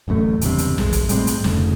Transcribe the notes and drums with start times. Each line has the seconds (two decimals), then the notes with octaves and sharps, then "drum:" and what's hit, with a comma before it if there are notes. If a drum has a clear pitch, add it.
0.08 D1 A1 F#2 A3
0.41 F#1 E2 G2 C3, drum: hi-hat
0.58 drum: hi-hat
0.78 E1 B1 G#3, drum: snare
0.93 drum: kick, hi-hat
1.09 A2 G3 G#3 C4, drum: hi-hat
1.27 drum: hi-hat
1.44 F1 D2 G#2 C#3, drum: snare